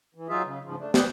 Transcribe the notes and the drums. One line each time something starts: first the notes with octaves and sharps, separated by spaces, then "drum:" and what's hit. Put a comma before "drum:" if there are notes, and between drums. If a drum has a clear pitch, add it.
E3
F#3 D#4 F4 G#4 E5
C#3
G#2 C#3 F3
A3 D4
G#4 B4 C5 D5 G5 A5, drum: snare